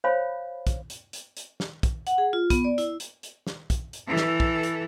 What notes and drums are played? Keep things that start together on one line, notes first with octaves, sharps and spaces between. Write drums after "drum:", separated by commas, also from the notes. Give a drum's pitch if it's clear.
C5 C#5 F5 B5
drum: kick, hi-hat
drum: hi-hat
drum: hi-hat
drum: hi-hat
drum: snare
drum: kick, hi-hat
F#5, drum: hi-hat
G#4
F4
B3, drum: kick, hi-hat
D5
E4, drum: hi-hat
drum: hi-hat
drum: hi-hat
drum: snare
drum: kick, hi-hat
drum: hi-hat
E3 A4
drum: snare
drum: kick
drum: hi-hat